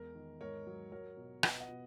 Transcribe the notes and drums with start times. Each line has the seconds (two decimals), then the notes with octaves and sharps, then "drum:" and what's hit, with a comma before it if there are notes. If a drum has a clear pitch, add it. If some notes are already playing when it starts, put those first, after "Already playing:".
Already playing: E2 G#3 A#4
0.15 D#3
0.41 G#2 A#4 C#5
0.67 F#3
0.92 F#3 A#4 C#5
1.17 B2
1.43 B2 B4 D#5, drum: rim click
1.60 D#5 F#5
1.69 B2